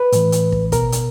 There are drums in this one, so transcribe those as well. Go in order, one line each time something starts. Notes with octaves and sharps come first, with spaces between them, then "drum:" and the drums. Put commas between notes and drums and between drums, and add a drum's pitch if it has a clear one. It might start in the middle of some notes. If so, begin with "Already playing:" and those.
Already playing: B4
A2 E3, drum: hi-hat
drum: hi-hat
drum: kick
B2 A#4, drum: kick, hi-hat
drum: hi-hat